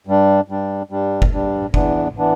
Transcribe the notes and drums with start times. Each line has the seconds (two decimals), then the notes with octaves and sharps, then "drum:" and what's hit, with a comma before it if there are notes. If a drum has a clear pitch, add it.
0.07 G2 G3 D4
0.48 G2 G3 D4
0.90 G2 G3 D4
1.22 drum: kick F#1
1.32 G2 G3 D4
1.74 E2 E3 B3 D4, drum: kick F#1
2.17 E3 B3 D4